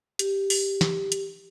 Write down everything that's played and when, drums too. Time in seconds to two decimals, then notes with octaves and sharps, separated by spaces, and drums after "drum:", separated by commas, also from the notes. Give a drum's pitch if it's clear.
0.19 G4, drum: hi-hat
0.50 drum: open hi-hat
0.81 drum: snare
1.12 drum: hi-hat